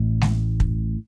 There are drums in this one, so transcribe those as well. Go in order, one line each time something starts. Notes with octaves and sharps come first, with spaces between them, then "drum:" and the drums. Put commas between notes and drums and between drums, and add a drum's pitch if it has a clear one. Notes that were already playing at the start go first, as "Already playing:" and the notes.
Already playing: A1 A2
drum: snare G#3
drum: kick